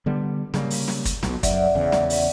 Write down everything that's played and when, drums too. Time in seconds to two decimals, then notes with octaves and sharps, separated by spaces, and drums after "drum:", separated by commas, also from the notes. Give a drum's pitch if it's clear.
0.06 D3 G3 B3
0.54 C#3 G3 A#3, drum: snare
0.70 drum: open hi-hat
0.88 drum: snare
1.05 drum: kick, hi-hat
1.23 B1 B2, drum: snare
1.43 F#2 D5 E5 F#5, drum: kick, hi-hat
1.75 E2 C#3
1.92 drum: snare
2.10 drum: open hi-hat